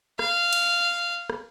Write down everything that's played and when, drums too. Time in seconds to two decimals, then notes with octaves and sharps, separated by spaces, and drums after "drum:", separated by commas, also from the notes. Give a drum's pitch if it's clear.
0.19 F5, drum: rim click
0.53 drum: cymbal
1.30 drum: rim click